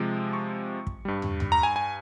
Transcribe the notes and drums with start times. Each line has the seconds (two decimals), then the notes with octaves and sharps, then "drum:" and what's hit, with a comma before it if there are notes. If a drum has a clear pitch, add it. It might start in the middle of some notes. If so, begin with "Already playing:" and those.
Already playing: C3 F3 G#3
0.33 C#6
0.87 drum: kick
1.05 G2 G3
1.22 drum: tom
1.40 drum: tom
1.52 A#5
1.63 G#5
1.76 G#5